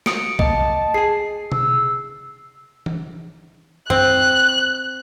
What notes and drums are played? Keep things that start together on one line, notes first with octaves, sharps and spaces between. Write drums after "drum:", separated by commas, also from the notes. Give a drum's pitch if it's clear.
D#6 C#7 D7, drum: snare
A#3 D#5 A5, drum: kick B1
G#4 G#5 C7
E6, drum: tom B2
drum: tom E3
C4 F#6, drum: tom